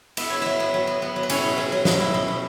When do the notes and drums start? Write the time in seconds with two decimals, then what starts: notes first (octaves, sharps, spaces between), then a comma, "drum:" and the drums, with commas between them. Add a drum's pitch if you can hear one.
0.17 B3 E5, drum: cymbal
0.30 E4 C#5
0.41 F#3 E4 E5
0.60 B3
0.74 F#3
0.87 B3
1.02 B3
1.16 F#3
1.23 B4
1.30 C#4 E4 C#5, drum: cymbal
1.44 B2
1.58 F#3
1.72 F#3
1.85 B2, drum: snare
2.00 E4
2.14 B2
2.28 B2